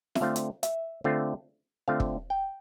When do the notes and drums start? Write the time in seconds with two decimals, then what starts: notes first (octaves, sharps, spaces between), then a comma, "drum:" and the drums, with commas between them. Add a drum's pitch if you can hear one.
0.15 E5, drum: snare
0.21 D3 A3 C4 F4 F5
0.36 drum: hi-hat
0.63 E5, drum: hi-hat
1.04 D3 A3 C4 F4
1.88 D3 A3 C4 F4 F5
2.00 drum: kick
2.30 G5